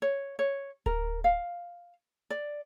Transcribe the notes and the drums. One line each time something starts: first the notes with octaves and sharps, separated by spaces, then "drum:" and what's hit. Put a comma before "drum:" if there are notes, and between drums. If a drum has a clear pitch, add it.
C#5
C#5
A#4, drum: kick D1
F5
D5